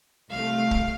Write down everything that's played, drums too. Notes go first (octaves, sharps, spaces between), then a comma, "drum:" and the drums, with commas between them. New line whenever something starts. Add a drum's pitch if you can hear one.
C2 A3 F5
drum: kick